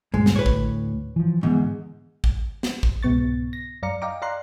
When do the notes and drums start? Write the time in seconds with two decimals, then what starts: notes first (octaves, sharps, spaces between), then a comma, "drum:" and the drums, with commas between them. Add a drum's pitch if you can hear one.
0.14 D2 G2 A#2 G#3
0.26 drum: snare
0.36 D2 A2 B4 C#5
0.46 drum: kick
1.16 E3 F3
1.43 E2 G#2 D3 A#3 B3
2.24 drum: kick
2.63 drum: snare
2.83 drum: kick
3.03 C2 G#2 B2 B3 C#6 A6
3.53 A#6
3.83 F#2 D5 F5 A#5 C#7
4.02 D#5 F5 G5 A#5 D6
4.22 D5 F5 A#5 C6 F#6